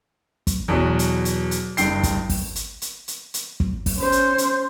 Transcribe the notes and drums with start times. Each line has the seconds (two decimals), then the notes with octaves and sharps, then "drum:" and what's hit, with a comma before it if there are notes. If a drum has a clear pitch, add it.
0.47 drum: kick, hi-hat
0.68 E2 B2 F#3
0.99 drum: hi-hat
1.25 drum: hi-hat
1.51 drum: hi-hat
1.77 F#1 G2 G5 C7, drum: hi-hat
2.03 drum: kick, hi-hat
2.29 drum: kick, open hi-hat
2.56 drum: hi-hat
2.82 drum: hi-hat
3.08 drum: hi-hat
3.34 drum: hi-hat
3.60 drum: kick
3.86 drum: kick, open hi-hat
3.97 C#4 C5
4.12 drum: hi-hat
4.38 drum: hi-hat